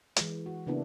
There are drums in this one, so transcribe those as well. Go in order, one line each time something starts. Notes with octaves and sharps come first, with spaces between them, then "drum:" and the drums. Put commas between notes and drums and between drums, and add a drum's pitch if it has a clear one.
E3 G#3, drum: hi-hat
F#4
C#3 A#3 B3 D4 E4